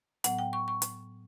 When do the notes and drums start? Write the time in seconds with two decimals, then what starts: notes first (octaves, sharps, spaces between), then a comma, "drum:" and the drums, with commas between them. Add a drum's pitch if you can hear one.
0.24 A2 F#3 B3 F#5, drum: hi-hat
0.39 G5
0.53 C#6
0.68 C#6
0.82 drum: hi-hat